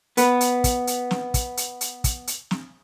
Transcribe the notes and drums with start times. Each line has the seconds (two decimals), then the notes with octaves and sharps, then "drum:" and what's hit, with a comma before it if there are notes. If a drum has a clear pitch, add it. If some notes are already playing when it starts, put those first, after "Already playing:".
0.17 B3 B4, drum: hi-hat
0.41 drum: hi-hat
0.64 drum: kick, hi-hat
0.87 drum: hi-hat
1.11 drum: snare
1.34 drum: kick, hi-hat
1.57 drum: hi-hat
1.81 drum: hi-hat
2.04 drum: kick, hi-hat
2.27 drum: hi-hat
2.51 drum: snare